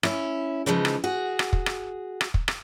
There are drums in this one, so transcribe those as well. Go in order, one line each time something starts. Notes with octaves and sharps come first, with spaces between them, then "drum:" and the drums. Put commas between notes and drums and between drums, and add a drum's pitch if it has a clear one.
C#4 E4, drum: rim click
C#3 E3 F3 G#3 D#4
drum: rim click
F#4 G#4
drum: rim click
drum: kick
drum: rim click
drum: rim click
drum: kick
drum: rim click